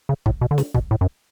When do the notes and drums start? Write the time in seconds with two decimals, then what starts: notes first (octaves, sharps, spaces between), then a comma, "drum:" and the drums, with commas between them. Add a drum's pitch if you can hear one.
0.09 C#3
0.26 A2, drum: kick
0.41 B2
0.51 D3
0.58 C#3, drum: snare
0.74 B2, drum: kick
0.91 A2
1.01 F#2